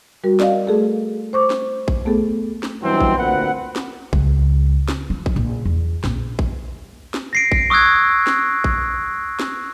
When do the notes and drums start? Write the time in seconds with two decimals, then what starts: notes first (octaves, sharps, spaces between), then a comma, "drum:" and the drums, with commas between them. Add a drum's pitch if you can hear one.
0.24 G3 F#4 A#4
0.40 D5 D#5 F5, drum: snare
0.67 A3 G#4 A4
1.33 C5 C#6 D6
1.50 drum: snare
1.88 drum: kick A1
2.05 A3 B3 G#4 A4
2.63 drum: snare
2.82 G2 B2 E3 F#3 C4
3.00 drum: kick A1
3.17 D2 A#2 C4 B4 F#5
3.76 drum: snare
4.13 C#2, drum: kick A1
4.88 drum: snare
5.10 F3
5.26 drum: kick A1
5.36 A#1
5.65 E2
6.04 A#1, drum: snare
6.39 drum: kick A1
7.14 drum: snare
7.33 A#6 C7 D7
7.52 drum: kick A1
7.70 C#6 D#6 E6 F#6 G#6
8.27 drum: snare
8.64 drum: kick A1
9.39 drum: snare